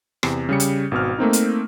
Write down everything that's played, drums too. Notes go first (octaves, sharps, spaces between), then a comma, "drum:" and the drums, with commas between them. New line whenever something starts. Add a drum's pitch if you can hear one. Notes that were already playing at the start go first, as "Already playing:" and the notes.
E2 C3, drum: rim click
C#3 G3 C#7
drum: hi-hat
G#1 B2 C4 F6
A3 A#3 C4 D#4
drum: hi-hat